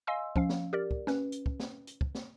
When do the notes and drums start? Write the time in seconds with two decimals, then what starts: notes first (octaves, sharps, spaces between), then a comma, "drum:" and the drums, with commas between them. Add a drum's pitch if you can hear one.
0.07 D#5 F5 G#5 C6 E6
0.36 F3 C#4 F5, drum: kick
0.49 drum: snare
0.73 G4 A#4 D5
0.91 drum: kick
1.07 C#4 B4, drum: snare
1.32 drum: hi-hat
1.46 drum: kick
1.60 drum: snare
1.87 drum: hi-hat
2.01 drum: kick
2.15 drum: snare